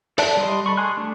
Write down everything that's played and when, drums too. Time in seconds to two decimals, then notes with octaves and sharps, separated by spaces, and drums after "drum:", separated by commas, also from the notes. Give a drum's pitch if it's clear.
0.18 A4 D5 E5 A5 F#6, drum: open hi-hat
0.37 G3 D#5 C6
0.66 A4 B5 C#6
0.77 G#4 G#5 C6 F#6
0.97 A3 D4